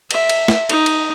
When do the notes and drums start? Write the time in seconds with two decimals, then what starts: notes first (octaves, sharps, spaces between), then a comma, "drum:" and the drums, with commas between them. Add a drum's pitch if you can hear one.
0.11 E5, drum: cymbal
0.29 drum: cymbal
0.48 drum: snare
0.69 D#4, drum: cymbal
0.86 drum: cymbal